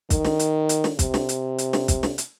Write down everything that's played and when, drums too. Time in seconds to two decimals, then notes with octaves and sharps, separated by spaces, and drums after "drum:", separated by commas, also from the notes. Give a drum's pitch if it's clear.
0.10 D#3, drum: kick, hi-hat
0.25 drum: snare
0.39 drum: hi-hat
0.69 drum: hi-hat
0.84 drum: snare
0.99 C3, drum: kick, hi-hat
1.14 drum: snare
1.29 drum: hi-hat
1.58 drum: hi-hat
1.73 drum: snare
1.88 drum: kick, hi-hat
2.03 drum: snare
2.18 drum: hi-hat